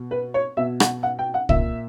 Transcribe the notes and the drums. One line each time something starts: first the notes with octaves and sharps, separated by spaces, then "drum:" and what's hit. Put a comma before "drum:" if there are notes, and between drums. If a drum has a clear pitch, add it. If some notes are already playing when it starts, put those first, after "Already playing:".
Already playing: B2
B4
C#5
B2 E5
F#5, drum: rim click
F#5
G5
F#5
A#2 E5, drum: kick